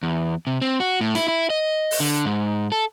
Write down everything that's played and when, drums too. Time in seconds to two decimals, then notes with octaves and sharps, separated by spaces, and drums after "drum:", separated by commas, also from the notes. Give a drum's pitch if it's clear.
0.03 E2
0.47 C3
0.62 C4
0.80 F#4
1.01 A2
1.15 E4, drum: snare
1.28 E4
1.50 D#5
1.91 drum: open hi-hat
2.00 D3
2.25 G#2
2.72 A4